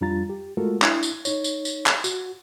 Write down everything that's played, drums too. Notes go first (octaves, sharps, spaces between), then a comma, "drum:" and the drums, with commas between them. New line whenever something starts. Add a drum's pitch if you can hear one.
F2 G3 D4 F4 A#5 A6
G4
G#3 A3 F4 F#4 A4 A#4
D4 E4, drum: clap
drum: tambourine
D#4 C#5, drum: tambourine
drum: tambourine
drum: tambourine
drum: clap
F#4, drum: tambourine